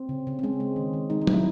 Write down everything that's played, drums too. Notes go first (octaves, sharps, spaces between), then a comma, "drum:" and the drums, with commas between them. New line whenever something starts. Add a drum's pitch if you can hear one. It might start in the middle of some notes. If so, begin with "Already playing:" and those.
Already playing: C4
C#3
C#3
C4
G#3 C#4
G#3
D#3
D#3
G#3 D#4
D#4
G#3, drum: tom
E4